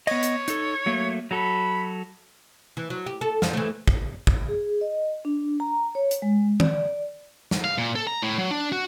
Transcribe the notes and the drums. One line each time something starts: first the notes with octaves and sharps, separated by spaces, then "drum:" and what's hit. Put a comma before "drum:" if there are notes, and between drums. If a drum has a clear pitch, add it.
B3 C#5 D#5, drum: cymbal
drum: hi-hat
D#4 A4, drum: hi-hat
F#3 A3 A#3
F#3 F#4 A4 B5
E3
F#3
G4
A4
F2 F3, drum: snare
E3 A3
drum: kick
drum: kick
G#4
D#5
D4
A#5
C#5
drum: hi-hat
G#3
D5, drum: tom
drum: snare
F5
A#2
A4
A#5
A2
F#3
D4
F#4